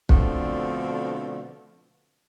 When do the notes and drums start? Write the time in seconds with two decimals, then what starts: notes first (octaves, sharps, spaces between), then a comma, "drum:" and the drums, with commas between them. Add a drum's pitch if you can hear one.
0.09 B2 D3 F3 A3 C4 D4, drum: kick